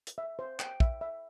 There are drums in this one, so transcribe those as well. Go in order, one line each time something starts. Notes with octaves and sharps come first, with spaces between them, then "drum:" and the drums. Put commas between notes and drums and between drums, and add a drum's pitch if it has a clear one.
drum: hi-hat
E5
C5
G5, drum: clap
E5, drum: kick
E5